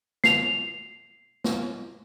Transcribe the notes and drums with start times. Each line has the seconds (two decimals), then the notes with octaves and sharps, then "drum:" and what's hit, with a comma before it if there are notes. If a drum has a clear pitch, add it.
0.24 C7 F7, drum: snare
1.44 drum: snare